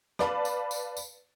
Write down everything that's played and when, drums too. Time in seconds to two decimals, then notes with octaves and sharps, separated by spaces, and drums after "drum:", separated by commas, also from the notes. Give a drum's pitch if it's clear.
0.19 B4 D5 F5 A5 B5, drum: rim click
0.45 drum: tambourine
0.71 drum: tambourine
0.97 drum: tambourine